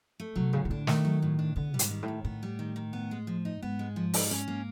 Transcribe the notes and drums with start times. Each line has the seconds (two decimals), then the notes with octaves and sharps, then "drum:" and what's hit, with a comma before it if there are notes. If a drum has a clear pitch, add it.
0.20 A3
0.36 C3 F#3
0.53 A2 C#3
0.65 C#3
0.70 D3 D4
0.87 D#3 A3, drum: snare
1.05 F#3
1.22 A2
1.39 D4
1.56 D3 B3
1.74 G3
1.79 G#2, drum: hi-hat
1.90 D#3
2.02 A2
2.08 D#3
2.24 A2 B3
2.43 G3
2.59 D#3
2.76 D#3
2.93 B3
3.11 G#3
3.27 F3
3.45 D#4
3.62 G#2 B3
3.79 G#3
3.96 F3
4.14 D#4, drum: open hi-hat
4.31 C#4
4.48 A#3